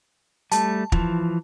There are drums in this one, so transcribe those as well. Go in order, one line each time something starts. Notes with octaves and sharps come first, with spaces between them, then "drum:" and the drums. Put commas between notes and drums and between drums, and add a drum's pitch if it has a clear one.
G3 A3 A5, drum: hi-hat
E3 F3, drum: kick